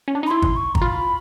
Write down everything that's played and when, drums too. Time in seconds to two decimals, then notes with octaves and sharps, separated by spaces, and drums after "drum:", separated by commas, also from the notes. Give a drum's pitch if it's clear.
0.08 C#4
0.15 D4
0.23 D#4
0.27 B5
0.31 E4 C6
0.42 drum: kick
0.56 C#6
0.75 A#5, drum: kick
0.82 F4 B5